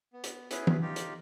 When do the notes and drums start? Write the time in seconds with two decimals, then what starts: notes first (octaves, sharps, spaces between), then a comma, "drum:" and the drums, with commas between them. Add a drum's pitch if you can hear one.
0.13 B3
0.24 drum: hi-hat
0.51 B3 C#4 E4 G#4 B4, drum: hi-hat
0.67 drum: tom
0.82 D#4 F4 G4
0.96 drum: hi-hat